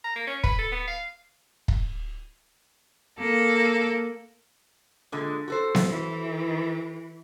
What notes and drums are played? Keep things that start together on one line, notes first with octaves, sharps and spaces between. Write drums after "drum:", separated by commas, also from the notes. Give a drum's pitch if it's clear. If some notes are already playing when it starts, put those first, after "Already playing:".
A#5
A#3
C#4
B4, drum: kick
A4
B3
F5
drum: kick
A#3 A4
A#2 D3 G#3
F#4 A4 C5
drum: snare B3
E3